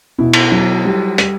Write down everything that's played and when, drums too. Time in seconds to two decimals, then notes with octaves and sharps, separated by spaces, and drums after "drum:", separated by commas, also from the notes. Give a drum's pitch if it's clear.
0.19 B2 E4
0.33 drum: cymbal
0.52 F#3
0.85 G3
1.18 G3, drum: hi-hat